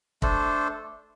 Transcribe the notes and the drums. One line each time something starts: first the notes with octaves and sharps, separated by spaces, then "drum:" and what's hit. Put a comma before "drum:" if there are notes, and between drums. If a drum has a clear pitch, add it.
A3 D4 A4 C5, drum: kick